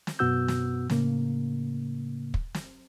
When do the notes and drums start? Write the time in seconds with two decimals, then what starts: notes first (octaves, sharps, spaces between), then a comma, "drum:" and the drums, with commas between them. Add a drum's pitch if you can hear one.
0.07 drum: snare
0.19 F#2 B2 B3 F#4 E6 G6
0.48 drum: snare
0.90 A2 C#3 A#3, drum: snare
2.34 drum: kick
2.55 drum: snare